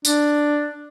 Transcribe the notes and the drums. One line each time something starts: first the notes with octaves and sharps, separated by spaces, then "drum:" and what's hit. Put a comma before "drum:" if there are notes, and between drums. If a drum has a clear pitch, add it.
D4, drum: tambourine